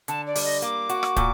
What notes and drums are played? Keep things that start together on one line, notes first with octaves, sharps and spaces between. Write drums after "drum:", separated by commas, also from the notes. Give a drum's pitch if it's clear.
D3 A5, drum: hi-hat
D5
G3, drum: open hi-hat
D#5
A#3 D6, drum: hi-hat
F#4, drum: hi-hat
drum: rim click
A#2, drum: kick, hi-hat